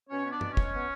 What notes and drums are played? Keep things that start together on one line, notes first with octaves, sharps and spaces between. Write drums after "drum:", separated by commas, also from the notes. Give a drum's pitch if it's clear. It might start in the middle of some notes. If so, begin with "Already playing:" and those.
B2 C#4 C#5
B3
D4 D5
B2, drum: tom G2
C#4 C#5
G#3, drum: kick
B3